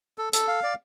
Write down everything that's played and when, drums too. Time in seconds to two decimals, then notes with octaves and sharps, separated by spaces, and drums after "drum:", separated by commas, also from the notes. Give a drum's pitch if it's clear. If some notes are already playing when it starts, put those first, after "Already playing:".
0.18 A4
0.33 A4, drum: hi-hat
0.48 F5
0.63 D5